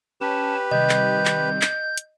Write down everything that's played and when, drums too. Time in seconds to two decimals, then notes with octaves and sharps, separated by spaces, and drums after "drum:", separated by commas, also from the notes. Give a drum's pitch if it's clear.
0.21 C#4 G4 B4 A5
0.71 C3 D#3 G3 D#5 G6
0.89 drum: clap
1.25 drum: clap
1.61 drum: clap
1.97 drum: hi-hat